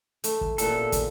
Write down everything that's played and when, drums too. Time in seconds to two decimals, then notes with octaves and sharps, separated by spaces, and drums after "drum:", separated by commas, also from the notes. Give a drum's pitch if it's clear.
0.24 A3, drum: hi-hat
0.41 drum: kick
0.58 A1 E2 A#2 A3 A4 B4, drum: hi-hat
0.92 drum: kick, hi-hat